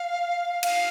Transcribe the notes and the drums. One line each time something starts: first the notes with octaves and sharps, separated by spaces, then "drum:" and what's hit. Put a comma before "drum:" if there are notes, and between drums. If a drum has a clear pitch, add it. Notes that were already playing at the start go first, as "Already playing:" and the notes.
Already playing: F5
F5, drum: cymbal